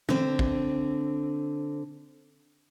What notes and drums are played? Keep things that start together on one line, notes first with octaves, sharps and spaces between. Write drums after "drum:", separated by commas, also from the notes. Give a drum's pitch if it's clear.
D3 C4, drum: tom
drum: kick